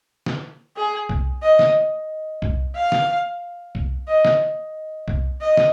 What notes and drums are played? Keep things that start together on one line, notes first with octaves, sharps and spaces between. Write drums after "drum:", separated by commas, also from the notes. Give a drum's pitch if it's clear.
drum: snare
G#4
drum: kick C2
D#5
drum: snare
drum: kick C2
F5
drum: snare
drum: kick C2
D#5
drum: snare
drum: kick C2
D#5
drum: snare